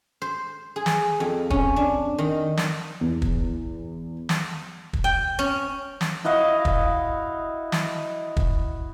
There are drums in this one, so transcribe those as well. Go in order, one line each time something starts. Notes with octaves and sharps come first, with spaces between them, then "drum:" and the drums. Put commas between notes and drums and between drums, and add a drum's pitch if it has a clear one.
C5
G#4
drum: snare
F2
C#4, drum: kick
D4
D#3
drum: snare
E2
drum: kick
drum: snare
drum: kick
G5
C#4
drum: snare
E4 F#4 D#5 F5
drum: kick
drum: snare
drum: kick